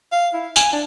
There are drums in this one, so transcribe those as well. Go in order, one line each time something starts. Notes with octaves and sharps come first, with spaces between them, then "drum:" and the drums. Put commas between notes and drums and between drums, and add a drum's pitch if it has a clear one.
F5
E4
G#5, drum: tambourine
D4